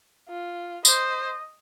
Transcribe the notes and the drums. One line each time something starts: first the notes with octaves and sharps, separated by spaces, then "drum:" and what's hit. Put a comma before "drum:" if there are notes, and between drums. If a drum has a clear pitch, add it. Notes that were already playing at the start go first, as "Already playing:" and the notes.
F4
C5 D#5, drum: tambourine